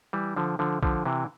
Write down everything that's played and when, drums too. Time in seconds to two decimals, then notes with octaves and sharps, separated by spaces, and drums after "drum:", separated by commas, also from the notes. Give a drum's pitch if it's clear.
0.13 E3 G3
0.36 D3 F3
0.59 D3 F3
0.83 D3 F3, drum: kick A#1
1.05 C3 E3